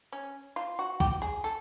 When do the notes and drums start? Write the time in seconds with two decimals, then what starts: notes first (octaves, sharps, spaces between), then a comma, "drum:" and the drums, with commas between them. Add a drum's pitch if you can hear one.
0.12 C#4
0.56 F4, drum: tambourine
0.79 F#4
1.00 G4, drum: kick B1, tambourine
1.22 G#4, drum: tambourine
1.44 A4, drum: tambourine